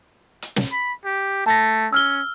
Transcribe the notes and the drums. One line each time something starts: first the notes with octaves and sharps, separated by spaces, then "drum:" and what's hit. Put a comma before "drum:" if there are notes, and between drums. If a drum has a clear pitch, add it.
drum: hi-hat
drum: snare
B5
G4
A3 A5 A#6
C#4 E6 F6 G7